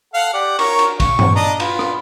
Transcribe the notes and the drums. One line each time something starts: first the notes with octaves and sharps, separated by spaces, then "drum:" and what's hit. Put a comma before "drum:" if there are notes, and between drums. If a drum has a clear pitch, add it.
A4 F5 F#5
G4 D5 F#5
A#4 C#5 C#6, drum: cymbal
drum: cymbal
C#6, drum: kick, cymbal
drum: tom G2
D4 D#5 A#5
F4 B4, drum: cymbal
drum: rim click